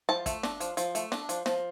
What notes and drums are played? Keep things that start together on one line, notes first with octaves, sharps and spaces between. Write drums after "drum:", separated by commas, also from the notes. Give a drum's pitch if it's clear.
F3 A5
A3, drum: kick, hi-hat
D4, drum: snare
F3, drum: hi-hat
F3, drum: hi-hat
A3, drum: hi-hat
D4, drum: snare
F3, drum: hi-hat
F3, drum: snare